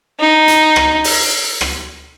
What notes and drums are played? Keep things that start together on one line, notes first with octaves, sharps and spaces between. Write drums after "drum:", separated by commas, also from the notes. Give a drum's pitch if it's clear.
D#4
drum: hi-hat
drum: rim click
drum: open hi-hat
drum: rim click